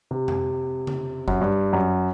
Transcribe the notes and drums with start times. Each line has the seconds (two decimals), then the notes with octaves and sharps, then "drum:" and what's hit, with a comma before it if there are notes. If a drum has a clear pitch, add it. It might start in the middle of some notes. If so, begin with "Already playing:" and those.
0.11 C3
0.28 drum: tom F2
0.87 drum: tom C#3
1.28 F#2, drum: kick F#1
1.41 G2
1.73 F#2